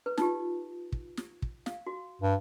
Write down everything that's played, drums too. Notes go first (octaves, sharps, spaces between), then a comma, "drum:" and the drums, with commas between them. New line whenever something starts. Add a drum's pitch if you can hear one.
B4
D#4 F4 G4, drum: snare
drum: kick
drum: snare
drum: kick
F5, drum: snare
F#4
G2